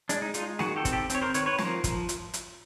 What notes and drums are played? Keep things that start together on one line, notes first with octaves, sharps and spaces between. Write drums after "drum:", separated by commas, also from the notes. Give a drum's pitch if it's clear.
G#3 D4, drum: hi-hat
D#4
G#3 D#4 F4, drum: hi-hat
D#3 F#4 G#4, drum: snare
G4 A4
C4, drum: kick, hi-hat
G4 A4
C4 C#5, drum: hi-hat
A#4 C5
D#3 B4 C#5, drum: hi-hat
B4 C#5
F3 A#4 C5, drum: snare
F3, drum: kick, hi-hat
drum: hi-hat
drum: hi-hat